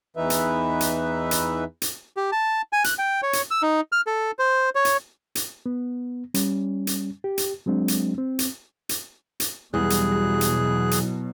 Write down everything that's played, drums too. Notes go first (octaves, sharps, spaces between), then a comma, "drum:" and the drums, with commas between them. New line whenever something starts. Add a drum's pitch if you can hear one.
E2 E3 D#4 B4 E5
drum: hi-hat
drum: hi-hat
drum: hi-hat
drum: hi-hat
G4
A5
G#5
F#6, drum: hi-hat
G5
C#5
drum: hi-hat
E6
D#4
F6
A4
C5
C#5
drum: hi-hat
drum: hi-hat
B3
G3 C#4, drum: hi-hat
drum: hi-hat
G4
drum: hi-hat
F#3 G#3 C4 D4
drum: hi-hat
C4
drum: hi-hat
drum: hi-hat
drum: hi-hat
E2 B2 F#3 G3 G#4 F#6
drum: hi-hat
drum: hi-hat
drum: hi-hat